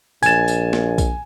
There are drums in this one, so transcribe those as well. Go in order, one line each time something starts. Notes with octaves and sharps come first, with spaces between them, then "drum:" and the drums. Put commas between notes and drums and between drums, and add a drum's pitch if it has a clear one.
A#1 G#5 G#6 A6 E7, drum: tambourine
drum: tambourine
drum: snare
drum: kick B1, tambourine